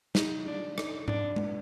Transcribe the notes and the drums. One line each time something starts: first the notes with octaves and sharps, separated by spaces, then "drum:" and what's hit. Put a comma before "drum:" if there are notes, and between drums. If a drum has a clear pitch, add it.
D#4, drum: snare
D4
D#4, drum: rim click
D4, drum: tom G#2
drum: tom G#3